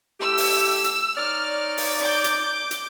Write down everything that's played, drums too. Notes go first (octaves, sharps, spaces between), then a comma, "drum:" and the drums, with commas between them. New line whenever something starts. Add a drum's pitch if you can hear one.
A3 E4 G4 E6
drum: open hi-hat
drum: hi-hat
D#4 C#5 D5 F6
drum: open hi-hat
D6 G6
drum: hi-hat
drum: hi-hat